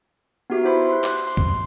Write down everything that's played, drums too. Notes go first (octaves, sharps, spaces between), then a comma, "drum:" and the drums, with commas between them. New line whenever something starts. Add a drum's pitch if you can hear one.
B3 D#4 F#4 G4 E5
E4 C5 E5 B5 C6
C6 F#6
D6 F#6, drum: clap
C6 D6
drum: kick C#2